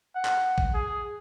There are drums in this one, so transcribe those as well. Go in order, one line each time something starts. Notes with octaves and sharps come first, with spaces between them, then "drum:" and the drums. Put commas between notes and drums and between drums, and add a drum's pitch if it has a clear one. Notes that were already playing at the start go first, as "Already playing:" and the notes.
F#5
drum: clap
drum: kick A1
G#4